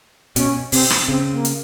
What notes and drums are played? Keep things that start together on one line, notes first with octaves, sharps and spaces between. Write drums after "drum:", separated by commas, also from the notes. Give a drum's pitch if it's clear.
B2 C#4, drum: hi-hat
C3 C4, drum: open hi-hat
drum: rim click
C#3 C4
A#3
drum: hi-hat